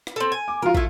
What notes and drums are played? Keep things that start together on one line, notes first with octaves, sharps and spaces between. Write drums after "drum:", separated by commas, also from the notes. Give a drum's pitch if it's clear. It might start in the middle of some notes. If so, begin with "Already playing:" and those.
drum: rim click
C4 A4
G#5
D6
F3 F4 A#4
A3 E4, drum: kick